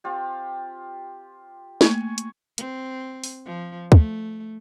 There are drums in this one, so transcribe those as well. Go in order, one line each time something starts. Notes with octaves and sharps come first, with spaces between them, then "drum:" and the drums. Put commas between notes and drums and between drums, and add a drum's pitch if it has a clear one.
C4 F4 G4
A3 A#3 G#5 C#6, drum: snare
drum: hi-hat
C4, drum: hi-hat
drum: open hi-hat
F3
A3, drum: kick